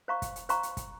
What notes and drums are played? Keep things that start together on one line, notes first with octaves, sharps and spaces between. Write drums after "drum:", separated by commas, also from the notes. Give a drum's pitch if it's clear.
C5 F5 A#5 C#6
drum: kick, hi-hat
drum: hi-hat
C5 F5 A#5 C#6, drum: hi-hat
drum: hi-hat
drum: kick, hi-hat